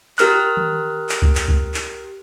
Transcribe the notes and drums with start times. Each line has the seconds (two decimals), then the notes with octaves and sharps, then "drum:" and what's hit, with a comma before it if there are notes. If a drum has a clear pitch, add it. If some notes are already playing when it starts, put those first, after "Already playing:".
0.18 G4 A#4 F6 F#6, drum: clap
0.57 drum: tom D#3
1.09 drum: clap
1.22 drum: kick C#2
1.35 drum: clap
1.48 drum: kick C#2
1.74 drum: clap